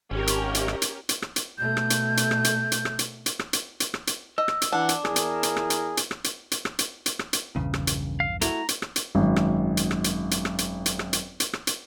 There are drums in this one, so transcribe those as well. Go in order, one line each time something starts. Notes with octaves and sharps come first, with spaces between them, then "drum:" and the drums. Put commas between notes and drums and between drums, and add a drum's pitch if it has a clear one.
G#1 C#4 G4 A#4
drum: hi-hat
drum: hi-hat
drum: rim click
drum: hi-hat
drum: hi-hat
drum: rim click
drum: hi-hat
B2 A3 G6
drum: rim click
drum: hi-hat
drum: hi-hat
drum: rim click
drum: hi-hat
drum: hi-hat
drum: rim click
drum: hi-hat
drum: hi-hat
drum: rim click
drum: hi-hat
drum: hi-hat
drum: rim click
drum: hi-hat
D#5 E6
drum: rim click
drum: hi-hat
E3 D4 F#5
drum: hi-hat
E2 E4 G#4 A#4, drum: rim click
drum: hi-hat
drum: hi-hat
drum: rim click
drum: hi-hat
drum: hi-hat
drum: rim click
drum: hi-hat
drum: hi-hat
drum: rim click
drum: hi-hat
drum: hi-hat
drum: rim click
drum: hi-hat
A#1 E2 G2 C#3
drum: rim click
drum: hi-hat
F5
A3 E4 F#4 A#5, drum: hi-hat
drum: hi-hat
drum: rim click
drum: hi-hat
G#1 F#2
drum: rim click
drum: hi-hat
drum: rim click
drum: hi-hat
drum: hi-hat
drum: rim click
drum: hi-hat
drum: hi-hat
drum: rim click
drum: hi-hat
drum: hi-hat
drum: rim click
drum: hi-hat